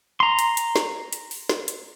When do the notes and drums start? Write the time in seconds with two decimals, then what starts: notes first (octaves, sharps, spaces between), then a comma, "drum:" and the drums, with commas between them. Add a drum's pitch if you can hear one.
0.20 A#5 C6
0.39 drum: hi-hat
0.57 drum: hi-hat
0.76 drum: snare
1.13 drum: hi-hat
1.31 drum: open hi-hat
1.49 drum: snare
1.68 drum: hi-hat